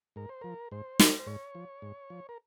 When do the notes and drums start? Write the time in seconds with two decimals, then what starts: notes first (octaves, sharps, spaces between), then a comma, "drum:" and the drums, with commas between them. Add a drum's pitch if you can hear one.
0.16 G#2 A#4
0.29 C5
0.41 F3 A#4
0.71 G#2 C5
0.99 F3, drum: snare
1.19 C5
1.26 G#2 C#5
1.55 F3
1.82 G#2
2.10 F3
2.29 A#4